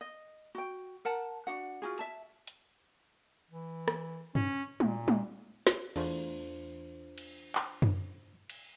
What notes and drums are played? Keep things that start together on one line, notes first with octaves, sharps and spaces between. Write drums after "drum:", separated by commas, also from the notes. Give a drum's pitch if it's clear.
D#5
F#4 G5
A#4 F#5 A5
D4 F#4 F#5
F4 F#4 G#4
E5 A5
drum: hi-hat
E3
drum: rim click
C#4, drum: tom G2
A#2, drum: tom G3
drum: tom G3
drum: snare
E2 A3 D4 F4 C5, drum: cymbal
drum: cymbal
drum: clap
drum: tom F#2
drum: cymbal